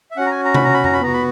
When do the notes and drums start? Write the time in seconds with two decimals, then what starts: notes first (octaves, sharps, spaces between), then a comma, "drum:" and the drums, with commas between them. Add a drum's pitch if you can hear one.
0.11 E5
0.17 C#4 F#4 F#5
0.26 A#5
0.31 G#5
0.45 A#5
0.54 B5, drum: tom C3
0.64 A#5
0.74 B5
0.84 A#5, drum: tom F2
0.93 B5
1.01 B3 F#4 A#5
1.13 B5